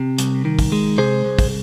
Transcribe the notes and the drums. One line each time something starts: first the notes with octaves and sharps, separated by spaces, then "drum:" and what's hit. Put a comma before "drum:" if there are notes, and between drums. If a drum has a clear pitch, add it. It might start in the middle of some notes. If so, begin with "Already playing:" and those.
Already playing: C3
C2, drum: hi-hat
D#3
drum: kick, open hi-hat
G#3
C3 G#4 C5
C2
drum: kick, open hi-hat